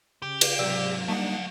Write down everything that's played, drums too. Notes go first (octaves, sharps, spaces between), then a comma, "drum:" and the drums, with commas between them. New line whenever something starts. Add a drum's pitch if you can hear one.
C#3 G4
drum: cymbal
G#2 C3 F#3 D5 E6
G3 A3 A#3 D4 D#4 F#5